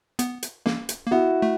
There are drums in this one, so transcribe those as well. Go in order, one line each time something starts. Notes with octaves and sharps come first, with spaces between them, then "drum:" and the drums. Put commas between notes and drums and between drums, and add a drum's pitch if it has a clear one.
B3, drum: hi-hat
drum: hi-hat
A#3, drum: snare
drum: hi-hat
A#3
B3 E4 F#4
A3